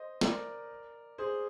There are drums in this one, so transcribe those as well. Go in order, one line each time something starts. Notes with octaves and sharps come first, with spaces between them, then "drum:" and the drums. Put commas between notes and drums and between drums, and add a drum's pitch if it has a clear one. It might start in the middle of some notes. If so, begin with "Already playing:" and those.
Already playing: C5 D#5
A#4 D5, drum: snare
G#4 C5